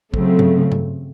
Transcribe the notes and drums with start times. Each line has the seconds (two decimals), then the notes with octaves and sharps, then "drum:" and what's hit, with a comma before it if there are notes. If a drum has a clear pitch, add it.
0.14 C#3 F#3 A3 C4, drum: kick
0.39 drum: tom G2
0.72 drum: tom G2